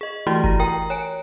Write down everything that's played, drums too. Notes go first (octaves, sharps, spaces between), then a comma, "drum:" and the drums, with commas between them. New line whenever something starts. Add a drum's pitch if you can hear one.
G#4 D#5
E3 A3 E4 F#4 G4
A#5 A#6, drum: kick F#1
A#4 G5 A#5
C#5 G#5 D7